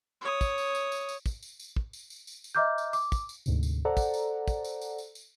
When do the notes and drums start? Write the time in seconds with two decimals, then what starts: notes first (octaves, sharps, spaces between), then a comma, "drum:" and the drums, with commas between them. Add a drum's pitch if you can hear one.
0.21 C#5 D#6
0.41 drum: kick, tambourine
0.58 drum: tambourine
0.75 drum: tambourine
0.92 drum: tambourine
1.09 drum: tambourine
1.26 drum: kick, tambourine
1.43 drum: tambourine
1.59 drum: tambourine
1.76 drum: kick
1.93 drum: tambourine
2.10 drum: tambourine
2.27 drum: tambourine
2.44 drum: tambourine
2.55 D#5 E5 A#5 D6 F6 G6
2.78 drum: tambourine
2.93 D6, drum: tambourine
3.12 drum: kick, tambourine
3.29 drum: tambourine
3.46 D2 G#2 C3, drum: tambourine
3.63 drum: tambourine
3.85 A4 C5 D5 F#5 A#5
3.97 drum: kick, tambourine
4.14 drum: tambourine
4.48 drum: kick, tambourine
4.64 drum: tambourine
4.81 drum: tambourine
4.98 drum: tambourine
5.15 drum: tambourine